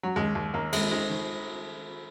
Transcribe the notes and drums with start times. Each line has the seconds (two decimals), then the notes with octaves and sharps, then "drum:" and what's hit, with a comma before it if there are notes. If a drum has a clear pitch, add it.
0.03 F#3
0.16 D#2 G#3
0.35 D#2
0.54 D#2 A#3
0.73 D#2 G#3, drum: cymbal
0.91 D#3 G#3
1.10 D#3